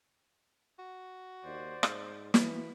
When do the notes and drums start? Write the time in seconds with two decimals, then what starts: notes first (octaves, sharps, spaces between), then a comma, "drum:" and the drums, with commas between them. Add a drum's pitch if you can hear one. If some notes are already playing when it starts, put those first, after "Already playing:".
0.79 F#4
1.45 D#2 C5 D5
1.83 G#2, drum: rim click
2.34 E3 A#3 F#4 B5, drum: snare